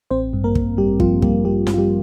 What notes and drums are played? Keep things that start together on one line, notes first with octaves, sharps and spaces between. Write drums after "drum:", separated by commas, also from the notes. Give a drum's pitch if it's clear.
A1 C4 C5
G2
A#3 A#4
G2, drum: kick
A1 G3 G4
G2 F3 F4, drum: kick
G3 A#3 G4, drum: kick
G2 G3 G4
G2, drum: snare
F4
G3 G4